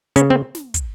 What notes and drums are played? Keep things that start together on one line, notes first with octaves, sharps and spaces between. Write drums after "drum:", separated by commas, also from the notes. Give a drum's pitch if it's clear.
C#3 C#4, drum: hi-hat
C4
drum: snare
drum: kick, hi-hat